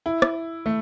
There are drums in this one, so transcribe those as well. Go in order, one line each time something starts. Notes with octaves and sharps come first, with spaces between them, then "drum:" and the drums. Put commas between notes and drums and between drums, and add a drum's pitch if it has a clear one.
E4
drum: rim click
A3